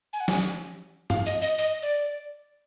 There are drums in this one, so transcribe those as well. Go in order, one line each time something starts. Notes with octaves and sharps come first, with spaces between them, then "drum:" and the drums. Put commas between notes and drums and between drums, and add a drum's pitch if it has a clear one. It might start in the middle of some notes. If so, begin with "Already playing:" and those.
G#5
F#5
G#5, drum: snare
F5, drum: tom G2
D#5
D#5
D#5
D5